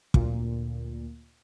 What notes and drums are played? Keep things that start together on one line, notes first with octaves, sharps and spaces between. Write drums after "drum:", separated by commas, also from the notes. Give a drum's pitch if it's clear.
D2 A#2, drum: kick